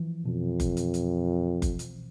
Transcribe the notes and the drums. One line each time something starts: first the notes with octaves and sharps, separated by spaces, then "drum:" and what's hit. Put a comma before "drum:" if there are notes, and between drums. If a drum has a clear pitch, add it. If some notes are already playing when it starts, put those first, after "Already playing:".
Already playing: E3 F3
F2 B2
drum: kick F#1, hi-hat
drum: hi-hat
drum: hi-hat
drum: kick F#1, hi-hat
drum: hi-hat